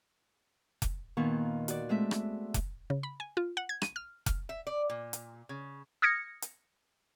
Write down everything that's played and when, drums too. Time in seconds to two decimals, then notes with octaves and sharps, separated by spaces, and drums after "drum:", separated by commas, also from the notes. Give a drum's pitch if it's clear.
0.82 drum: kick F1, hi-hat
1.17 D#2 A#2 D#3 B3 C#6
1.68 F#4 D5, drum: hi-hat
1.89 G#3 A3 C4 E5
2.11 drum: rim click
2.54 drum: kick F1, hi-hat
2.90 C#3
3.03 B5
3.20 G#5
3.37 F4
3.57 F#5
3.69 G#6
3.82 D#7, drum: rim click
3.96 F6
4.26 F6, drum: kick F1, hi-hat
4.49 E5
4.67 D5
4.90 A#2
5.13 drum: hi-hat
5.49 C#3
6.02 D#6 F6 G#6 A#6 C#7
6.42 drum: hi-hat